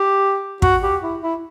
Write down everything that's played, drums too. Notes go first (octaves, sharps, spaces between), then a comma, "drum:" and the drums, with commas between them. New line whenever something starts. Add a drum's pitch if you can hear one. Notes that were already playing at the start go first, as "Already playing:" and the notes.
Already playing: G4
F#4, drum: kick
G4
E4
E4